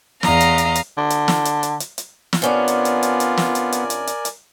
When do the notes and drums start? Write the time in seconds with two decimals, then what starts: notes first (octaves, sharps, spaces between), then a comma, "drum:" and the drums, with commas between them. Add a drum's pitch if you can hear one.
0.23 E2 D#5 F5 A#5, drum: snare
0.40 drum: hi-hat
0.58 drum: hi-hat
0.75 drum: hi-hat
0.98 D3
1.10 drum: hi-hat
1.28 drum: snare
1.45 drum: hi-hat
1.63 drum: hi-hat
1.80 drum: hi-hat
1.98 drum: hi-hat
2.33 drum: snare
2.42 C3 B3 C#4 D4 F4 A#4 D5 G#5
2.68 drum: hi-hat
2.85 drum: hi-hat
3.03 drum: hi-hat
3.20 drum: hi-hat
3.37 drum: snare
3.55 drum: hi-hat
3.72 drum: hi-hat
3.90 drum: hi-hat
4.07 drum: hi-hat
4.25 drum: hi-hat